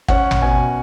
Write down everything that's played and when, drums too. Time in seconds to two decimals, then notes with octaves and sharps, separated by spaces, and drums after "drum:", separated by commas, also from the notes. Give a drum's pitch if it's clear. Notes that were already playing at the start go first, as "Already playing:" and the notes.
0.08 C#4 F#5, drum: kick
0.31 drum: tom
0.42 B2 G#5